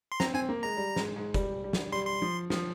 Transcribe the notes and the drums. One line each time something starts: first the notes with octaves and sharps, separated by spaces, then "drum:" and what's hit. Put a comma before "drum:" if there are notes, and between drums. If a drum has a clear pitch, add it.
C6
C4 A#5, drum: snare
C4 G#5
A#3
G#3 A#5
G3
G#2, drum: snare
G#2
G3, drum: kick, hi-hat
G3
drum: snare
G3 C6
C6
F3
F3, drum: snare